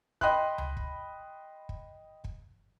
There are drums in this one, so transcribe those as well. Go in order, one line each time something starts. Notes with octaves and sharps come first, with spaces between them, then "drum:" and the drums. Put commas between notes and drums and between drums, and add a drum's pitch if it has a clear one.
D#5 G5 B5 C6 F#6, drum: kick
drum: tom C#2
drum: kick
drum: kick
drum: kick